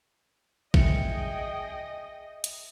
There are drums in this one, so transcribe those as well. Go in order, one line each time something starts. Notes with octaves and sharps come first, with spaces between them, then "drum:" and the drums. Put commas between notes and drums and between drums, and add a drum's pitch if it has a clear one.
G#4 D#5 E5 G5 C#7, drum: kick A1
drum: hi-hat